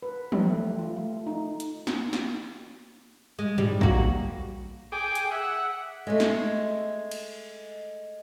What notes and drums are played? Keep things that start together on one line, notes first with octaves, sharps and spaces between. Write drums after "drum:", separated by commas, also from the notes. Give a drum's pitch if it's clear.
B4
G4, drum: tom E3
A3
F4
A3
D#4
drum: hi-hat
drum: snare
drum: snare
G#3
G3, drum: tom G2
A#3 F#4, drum: kick A#1
G#4 G5 D6
drum: hi-hat
E5 F#5
G#3 A3
drum: snare
drum: cymbal